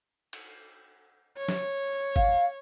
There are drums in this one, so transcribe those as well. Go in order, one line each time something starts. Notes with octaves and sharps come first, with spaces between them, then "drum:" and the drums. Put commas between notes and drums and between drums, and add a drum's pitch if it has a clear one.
drum: cymbal
C#5
drum: snare
F5, drum: kick